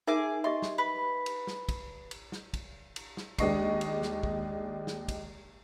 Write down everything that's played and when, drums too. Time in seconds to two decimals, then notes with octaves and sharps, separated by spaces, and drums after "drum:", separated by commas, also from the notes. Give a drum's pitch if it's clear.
0.07 D#4 G#4 A#4 E5 G#5 D6
0.44 G4 D#5 E5 C6
0.62 drum: snare
0.78 B4
1.26 drum: cymbal
1.47 drum: snare
1.69 drum: kick, cymbal
2.11 drum: cymbal
2.32 drum: snare
2.54 drum: kick, cymbal
2.96 drum: cymbal
3.17 drum: snare
3.38 D#2 G#3 D4 D#5 C#6 C7, drum: kick, cymbal
3.81 drum: cymbal
4.02 drum: snare
4.23 drum: kick
4.87 drum: snare
5.08 drum: kick, cymbal